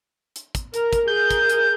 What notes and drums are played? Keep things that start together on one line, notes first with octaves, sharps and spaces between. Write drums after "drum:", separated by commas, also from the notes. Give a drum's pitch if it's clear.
drum: hi-hat
drum: kick, hi-hat
A#4, drum: hi-hat
drum: kick, hi-hat
G#4 A#4 G6
drum: kick, hi-hat
drum: hi-hat